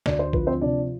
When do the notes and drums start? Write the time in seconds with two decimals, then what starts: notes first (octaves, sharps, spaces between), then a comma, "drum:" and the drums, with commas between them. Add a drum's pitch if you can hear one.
0.06 D2 D5, drum: snare
0.19 C5
0.33 F3 B4, drum: kick A1
0.47 C4 C5
0.61 C3 D4 D5